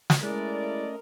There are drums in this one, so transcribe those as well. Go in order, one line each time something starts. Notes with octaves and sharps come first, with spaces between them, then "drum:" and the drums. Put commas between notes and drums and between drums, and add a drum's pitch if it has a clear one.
drum: snare
G#3 A3 C#4 E4 A#4 D5 D#5